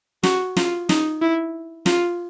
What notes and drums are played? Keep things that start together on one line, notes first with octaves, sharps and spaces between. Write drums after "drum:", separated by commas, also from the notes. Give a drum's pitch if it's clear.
F#4, drum: snare
F4, drum: snare
D#4, drum: snare
E4
F4, drum: snare